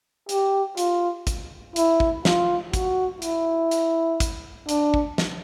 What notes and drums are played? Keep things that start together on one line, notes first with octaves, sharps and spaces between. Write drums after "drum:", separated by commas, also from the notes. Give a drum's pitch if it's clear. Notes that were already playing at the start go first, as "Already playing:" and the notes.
G4, drum: hi-hat
F4, drum: hi-hat
drum: kick, hi-hat
E4, drum: hi-hat
drum: kick
F4, drum: snare
F#4, drum: kick, hi-hat
E4, drum: hi-hat
drum: hi-hat
drum: kick, hi-hat
D4, drum: hi-hat
drum: kick
drum: snare